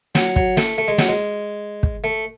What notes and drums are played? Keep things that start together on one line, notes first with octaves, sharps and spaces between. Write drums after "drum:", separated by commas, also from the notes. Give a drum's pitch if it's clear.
F#3, drum: snare
F#3, drum: kick
A3, drum: snare
A3
G#3
F#3, drum: snare
G#3
drum: kick
A3